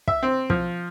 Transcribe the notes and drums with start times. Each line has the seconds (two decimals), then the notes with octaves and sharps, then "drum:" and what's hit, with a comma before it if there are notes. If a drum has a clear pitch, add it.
0.08 E5, drum: kick
0.23 C4
0.50 F3, drum: kick